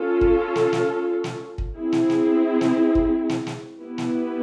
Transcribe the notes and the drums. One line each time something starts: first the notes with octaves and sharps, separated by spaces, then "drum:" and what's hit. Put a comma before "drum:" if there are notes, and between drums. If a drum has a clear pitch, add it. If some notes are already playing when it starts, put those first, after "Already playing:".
Already playing: C#4 F4 A4
drum: kick
drum: snare
drum: snare
drum: snare
drum: kick
C4 E4 G#4
drum: snare
drum: snare
drum: snare
drum: kick
drum: snare
drum: snare
B3 E4 G4 B4
drum: snare